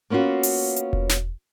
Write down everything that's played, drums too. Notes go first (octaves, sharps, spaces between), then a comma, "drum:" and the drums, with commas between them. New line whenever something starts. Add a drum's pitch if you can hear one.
A#3 B3 C#4 F4 F#4
drum: open hi-hat
drum: hi-hat
drum: kick E1
drum: snare